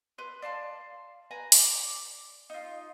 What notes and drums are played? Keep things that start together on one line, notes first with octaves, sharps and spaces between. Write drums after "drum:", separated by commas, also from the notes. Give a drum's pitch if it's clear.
B4 C6
D5 F5 A5 C6
B4 G#5 A#5
D5, drum: open hi-hat
D#4 F4